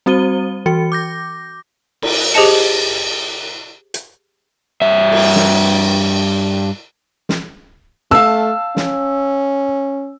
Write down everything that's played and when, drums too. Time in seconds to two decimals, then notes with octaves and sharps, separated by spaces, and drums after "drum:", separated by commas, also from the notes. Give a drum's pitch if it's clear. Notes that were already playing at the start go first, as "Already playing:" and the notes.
0.06 G3 C4 F#4 C5 D#7 G7
0.66 E3 F#4 C#7
0.92 D6 G6 A#6
2.02 drum: cymbal
2.34 G4 G#4 C5 D#5 A5 C#7, drum: open hi-hat
3.94 drum: hi-hat
4.82 G2 E5
5.12 drum: cymbal
5.36 drum: snare
7.29 drum: snare
8.11 A3 F5 A5 E6
8.76 C#4, drum: snare